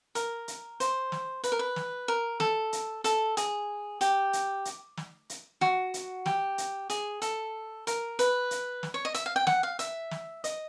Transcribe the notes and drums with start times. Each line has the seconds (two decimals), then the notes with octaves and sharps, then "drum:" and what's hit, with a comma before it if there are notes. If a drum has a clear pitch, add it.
0.15 A#4, drum: hi-hat
0.48 drum: hi-hat
0.80 C5, drum: hi-hat
1.12 drum: snare
1.44 B4, drum: hi-hat
1.52 A#4
1.59 B4
1.76 drum: snare
2.08 A#4
2.40 A4, drum: snare
2.73 drum: hi-hat
3.04 A4, drum: hi-hat
3.37 G#4, drum: hi-hat
4.01 G4, drum: hi-hat
4.33 drum: hi-hat
4.65 drum: hi-hat
4.97 drum: snare
5.30 drum: hi-hat
5.61 F#4, drum: snare
5.94 drum: hi-hat
6.26 G4, drum: snare
6.58 drum: hi-hat
6.90 G#4, drum: hi-hat
7.22 A4, drum: hi-hat
7.87 A#4, drum: hi-hat
8.19 B4, drum: hi-hat
8.51 drum: hi-hat
8.83 drum: snare
8.94 C#5
9.05 D#5
9.15 E5, drum: hi-hat
9.26 F5
9.36 G5
9.47 F#5, drum: snare
9.63 F5
9.79 E5, drum: hi-hat
10.11 drum: snare
10.44 D#5, drum: hi-hat